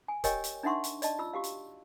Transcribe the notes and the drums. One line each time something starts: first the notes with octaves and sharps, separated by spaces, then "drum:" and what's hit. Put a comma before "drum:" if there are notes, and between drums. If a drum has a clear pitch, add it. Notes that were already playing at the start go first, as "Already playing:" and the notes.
G#5
G4 A#4 C#5 D#5 G5 G#5, drum: kick, hi-hat
drum: hi-hat
D4 D#4 E5 F#5 C6 C#6
drum: hi-hat
D5 D#5 A5, drum: hi-hat
F4 E6
F#4 G4 F5
drum: hi-hat